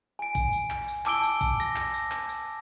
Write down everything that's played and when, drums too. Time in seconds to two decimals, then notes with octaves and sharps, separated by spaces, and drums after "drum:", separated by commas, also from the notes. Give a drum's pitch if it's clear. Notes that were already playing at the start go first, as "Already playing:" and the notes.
0.19 G#5 D7
0.35 drum: kick A#1, tambourine
0.53 drum: tambourine
0.70 drum: clap
0.88 drum: tambourine
1.06 A5 D6 E6 D7 G7, drum: clap
1.23 drum: tambourine
1.41 drum: kick A#1, tambourine
1.60 A#6, drum: tambourine
1.76 drum: clap
1.94 drum: tambourine
2.11 drum: clap
2.29 drum: tambourine